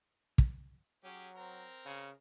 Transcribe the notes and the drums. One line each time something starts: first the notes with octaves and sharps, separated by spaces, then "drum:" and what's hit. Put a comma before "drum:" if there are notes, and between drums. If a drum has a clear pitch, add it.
drum: kick
F#3 C#4 G4 G#4
C4 A#4 A#5
C#3